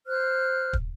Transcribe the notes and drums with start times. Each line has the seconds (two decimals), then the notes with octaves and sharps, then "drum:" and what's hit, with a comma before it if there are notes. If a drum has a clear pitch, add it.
0.07 C5 F6 F#6
0.73 drum: kick